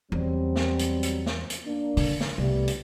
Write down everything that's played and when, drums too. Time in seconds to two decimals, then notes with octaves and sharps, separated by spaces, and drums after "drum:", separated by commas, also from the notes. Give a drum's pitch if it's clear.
0.12 E2 F#3 G3 C4
0.56 drum: snare
0.79 drum: hi-hat
1.03 drum: hi-hat
1.26 drum: snare
1.50 drum: hi-hat
1.65 A#3 D4
1.97 D3, drum: open hi-hat
2.20 drum: snare
2.38 C2 G3 A3 B3
2.68 drum: hi-hat